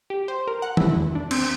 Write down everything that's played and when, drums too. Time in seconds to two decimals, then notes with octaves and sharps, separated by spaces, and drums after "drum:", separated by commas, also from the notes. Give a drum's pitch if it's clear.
0.10 G4
0.28 C5
0.47 A#4
0.62 F#5
0.77 E4, drum: tom D#3
0.96 E2
1.15 D4
1.31 C4, drum: cymbal